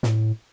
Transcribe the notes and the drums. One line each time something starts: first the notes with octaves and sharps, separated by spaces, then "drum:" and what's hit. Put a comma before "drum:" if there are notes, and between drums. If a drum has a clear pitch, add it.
A2, drum: snare